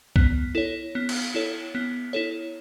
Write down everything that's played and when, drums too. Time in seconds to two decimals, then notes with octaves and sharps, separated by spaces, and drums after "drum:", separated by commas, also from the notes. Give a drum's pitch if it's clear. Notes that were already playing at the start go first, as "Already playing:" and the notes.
0.16 B3, drum: kick B1
0.55 E4 A4 C#5
0.95 B3
1.09 drum: cymbal
1.35 E4 A4 C#5
1.75 B3
2.13 E4 A4 C#5